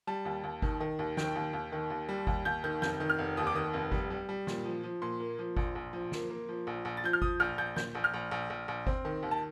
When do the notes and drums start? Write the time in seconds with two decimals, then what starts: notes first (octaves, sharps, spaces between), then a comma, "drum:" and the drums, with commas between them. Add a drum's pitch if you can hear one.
0.07 G3 A5
0.25 D#2
0.44 D#2
0.62 D#3, drum: kick G1
0.80 D#3
0.99 D#2
1.17 D#3 G5, drum: snare
1.36 D#2
1.53 D#2
1.72 D#3
1.90 D#2
2.09 G3
2.27 D#2, drum: kick G1
2.45 D#2 G6
2.64 D#3 G6
2.82 F1 G6, drum: snare
3.00 D#3
3.10 F6
3.19 F1
3.37 D#2 D#6
3.47 D6
3.55 D#3 D#6
3.74 F1
3.92 G3, drum: kick G1
4.10 G3
4.29 G3
4.47 A#2, drum: snare
4.65 F3
4.83 F3
5.02 A#2 C6
5.20 A#3
5.39 F3
5.57 A#1, drum: kick G1
5.75 A#1
5.93 F3
6.12 A#3, drum: snare
6.30 A#3
6.49 F3
6.67 A#1
6.85 A#1
6.97 A6
7.04 F3 G6
7.13 F6
7.22 F3 D#6, drum: kick G1
7.40 A#1 F6
7.58 A#1 G6
7.76 A#2 G6, drum: snare
7.95 A#1
8.04 F6
8.14 A#1
8.31 A#1
8.50 A#1
8.68 A#1
8.87 C4, drum: kick G1
9.05 D#3
9.23 D#2
9.31 A5